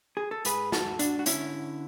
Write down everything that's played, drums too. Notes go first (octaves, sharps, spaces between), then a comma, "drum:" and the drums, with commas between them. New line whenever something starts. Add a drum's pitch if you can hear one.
G#4
A4
G#2 G#4 B4, drum: hi-hat
F#4 A4, drum: snare
G#2
D4 F#4, drum: hi-hat
F#4
D3 C#4 E4, drum: hi-hat